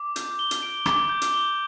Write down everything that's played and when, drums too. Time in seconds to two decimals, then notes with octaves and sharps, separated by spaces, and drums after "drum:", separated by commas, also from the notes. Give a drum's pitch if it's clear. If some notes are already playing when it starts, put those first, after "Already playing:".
Already playing: D6
0.16 G6, drum: hi-hat
0.39 G7
0.51 drum: hi-hat
0.62 D7
0.86 D6, drum: rim click
1.09 G6
1.22 drum: hi-hat
1.34 G7